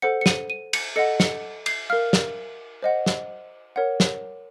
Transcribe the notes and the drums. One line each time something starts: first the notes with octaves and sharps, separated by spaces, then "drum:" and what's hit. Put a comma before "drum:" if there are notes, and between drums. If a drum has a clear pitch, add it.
A4 C5 F#5 C#7
C#7
D#7, drum: snare
D#7
C#7, drum: cymbal
A4 D#5 F#5 C#7
C#7, drum: snare
C7, drum: cymbal
A#4 F5 F6
drum: snare
C5 D#5 F#5
drum: snare
A#4 C#5 F#5
drum: snare